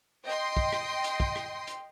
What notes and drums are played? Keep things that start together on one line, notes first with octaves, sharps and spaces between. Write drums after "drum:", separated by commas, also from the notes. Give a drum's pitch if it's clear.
D#5 G5 C6
drum: kick
drum: rim click
drum: hi-hat
drum: kick
drum: rim click
drum: hi-hat